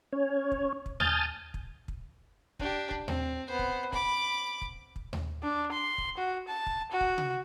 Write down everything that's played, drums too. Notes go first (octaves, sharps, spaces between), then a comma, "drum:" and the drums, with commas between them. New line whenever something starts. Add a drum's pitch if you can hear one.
C#4 C#5
drum: kick
drum: kick
G#5 A5 D#6 F6 G6 A6, drum: tom D#2
drum: kick
drum: kick
D4 G4, drum: kick
drum: kick
C4, drum: tom D#2
B3 C5
drum: kick
B5 D6, drum: kick
drum: kick
drum: kick
drum: tom D#2
D4
C6
drum: kick
F#4
A5
drum: kick
F#4
drum: kick
drum: tom C3